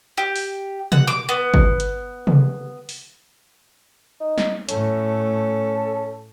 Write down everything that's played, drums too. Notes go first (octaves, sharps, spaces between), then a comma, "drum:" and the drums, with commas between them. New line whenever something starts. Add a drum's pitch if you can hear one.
G4
drum: open hi-hat
F#5, drum: tom B2
D6
B3
drum: kick
drum: hi-hat
drum: tom C3
drum: open hi-hat
D#4
drum: snare
A2 A3 C#4 A4, drum: hi-hat